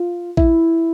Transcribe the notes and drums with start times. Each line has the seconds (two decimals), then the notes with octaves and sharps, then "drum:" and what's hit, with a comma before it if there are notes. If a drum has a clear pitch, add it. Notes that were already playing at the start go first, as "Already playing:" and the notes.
Already playing: F4
0.37 E4, drum: kick A1